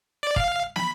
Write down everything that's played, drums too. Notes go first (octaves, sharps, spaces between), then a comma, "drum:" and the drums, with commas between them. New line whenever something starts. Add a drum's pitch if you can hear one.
D5
F5, drum: kick
B5, drum: snare